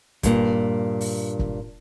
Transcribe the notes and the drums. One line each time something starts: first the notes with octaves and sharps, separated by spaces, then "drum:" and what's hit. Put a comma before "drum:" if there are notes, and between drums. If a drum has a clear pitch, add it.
G2 A#2, drum: kick, hi-hat
drum: open hi-hat
drum: kick